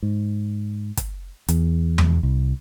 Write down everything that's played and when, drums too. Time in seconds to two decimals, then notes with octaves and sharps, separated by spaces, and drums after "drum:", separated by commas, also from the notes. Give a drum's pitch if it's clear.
0.03 G#2
0.97 drum: kick, hi-hat
1.48 E2, drum: hi-hat
1.98 drum: tom E2
2.23 C2